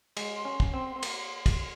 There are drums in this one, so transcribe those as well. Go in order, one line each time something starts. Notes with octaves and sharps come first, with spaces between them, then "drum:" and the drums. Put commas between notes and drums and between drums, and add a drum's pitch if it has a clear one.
G#3 C6, drum: cymbal
C#4
drum: kick
C4
C4
A#3, drum: cymbal
drum: kick, cymbal